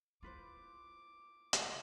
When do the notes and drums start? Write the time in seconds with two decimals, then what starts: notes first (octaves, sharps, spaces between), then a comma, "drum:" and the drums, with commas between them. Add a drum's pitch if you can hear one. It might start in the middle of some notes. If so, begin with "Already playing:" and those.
0.23 E4 F4 B4 C5 D6
1.53 drum: hi-hat